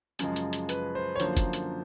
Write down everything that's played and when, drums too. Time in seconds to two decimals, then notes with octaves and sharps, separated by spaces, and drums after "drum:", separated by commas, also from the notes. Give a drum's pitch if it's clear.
0.19 F#2 C#3 F3 G#3, drum: hi-hat
0.36 drum: hi-hat
0.53 drum: hi-hat
0.69 B4, drum: hi-hat
0.95 C5
1.16 C#5
1.20 F#2 D3 F3 A#3 C5, drum: hi-hat
1.37 drum: kick, hi-hat
1.53 drum: hi-hat